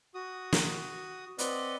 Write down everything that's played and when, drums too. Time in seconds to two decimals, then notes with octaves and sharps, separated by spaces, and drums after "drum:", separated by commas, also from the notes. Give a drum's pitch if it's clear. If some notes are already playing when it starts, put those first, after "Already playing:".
0.14 F#4 D#6
0.52 drum: snare
1.39 C4 B4 D5 D#5 F#5, drum: hi-hat